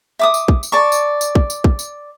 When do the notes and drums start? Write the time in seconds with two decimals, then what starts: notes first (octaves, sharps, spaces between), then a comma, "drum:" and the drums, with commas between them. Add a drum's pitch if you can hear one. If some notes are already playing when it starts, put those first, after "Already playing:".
0.19 E5 D6 D#6
0.34 drum: tambourine
0.48 drum: kick
0.63 drum: tambourine
0.72 D5 A5 C#6
0.92 drum: tambourine
1.21 drum: tambourine
1.35 drum: kick
1.50 drum: tambourine
1.64 drum: kick
1.79 drum: tambourine